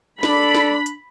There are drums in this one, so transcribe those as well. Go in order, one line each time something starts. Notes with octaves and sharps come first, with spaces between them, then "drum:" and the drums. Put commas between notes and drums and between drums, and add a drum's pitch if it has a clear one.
D4 A4 D5 B5, drum: snare
drum: snare
drum: hi-hat